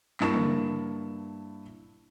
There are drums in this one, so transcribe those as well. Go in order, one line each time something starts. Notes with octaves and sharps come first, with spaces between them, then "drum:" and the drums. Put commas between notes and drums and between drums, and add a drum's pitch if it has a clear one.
G2 A#3 E4 A5 C#6 E7, drum: clap
drum: tom